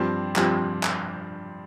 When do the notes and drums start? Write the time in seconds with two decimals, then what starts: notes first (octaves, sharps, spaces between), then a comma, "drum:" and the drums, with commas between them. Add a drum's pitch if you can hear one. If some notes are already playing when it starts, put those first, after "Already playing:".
Already playing: G2 F3 C4 G4
0.36 G2 F3 C4 G4, drum: clap
0.83 drum: clap